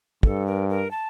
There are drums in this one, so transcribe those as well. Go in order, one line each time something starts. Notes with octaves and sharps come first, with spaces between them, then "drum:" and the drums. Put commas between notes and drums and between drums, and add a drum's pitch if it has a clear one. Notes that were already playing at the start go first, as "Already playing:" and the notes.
G2 A4, drum: kick
A#4
A#4
A5